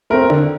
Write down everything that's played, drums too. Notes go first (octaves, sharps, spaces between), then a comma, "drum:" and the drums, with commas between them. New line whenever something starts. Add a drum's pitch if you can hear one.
A3 C4 A#4
D3, drum: tom D4